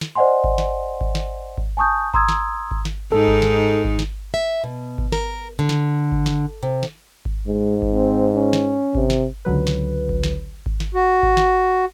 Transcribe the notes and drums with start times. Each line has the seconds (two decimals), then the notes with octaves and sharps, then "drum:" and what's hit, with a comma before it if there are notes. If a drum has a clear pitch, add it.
0.01 drum: snare
0.15 C5 D5 D#5 F#5 G#5 C6
0.44 drum: kick G#1
0.58 drum: snare
1.01 drum: kick G#1
1.15 drum: snare
1.58 drum: kick G#1
1.77 G#5 A5 C#6 D#6 G6
2.14 A#5 C6 D#6 E6 G#6, drum: kick G#1
2.28 drum: snare
2.71 drum: kick G#1
2.85 drum: snare
3.12 G#2 D#4 A4
3.28 drum: kick G#1
3.42 drum: snare
3.85 drum: kick G#1
3.99 drum: snare
4.34 E5
4.64 B2
4.98 drum: kick G#1
5.12 A#4, drum: snare
5.59 D3
5.69 drum: snare
6.12 drum: kick G#1
6.26 drum: snare
6.63 C3
6.83 drum: snare
7.25 drum: kick G#1
7.47 G#2 G#3
7.82 drum: kick G#1
7.92 C4
8.35 C#4
8.53 drum: snare
8.95 C3, drum: kick G#1
9.10 drum: snare
9.45 C#2 D3 F#3 B4
9.67 drum: snare
10.09 drum: kick G#1
10.23 drum: snare
10.66 drum: kick G#1
10.80 drum: snare
10.94 F#4
11.23 drum: kick G#1
11.37 drum: snare